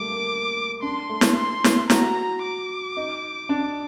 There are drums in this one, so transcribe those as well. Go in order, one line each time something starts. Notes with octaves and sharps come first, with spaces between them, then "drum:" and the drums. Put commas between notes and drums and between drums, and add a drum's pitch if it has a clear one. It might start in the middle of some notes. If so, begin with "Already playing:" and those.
Already playing: G3 A3 A#3 D6
A#3
D4 C6
A3
drum: snare
C6
drum: snare
F#4 A#5, drum: snare
D6
D#4
D4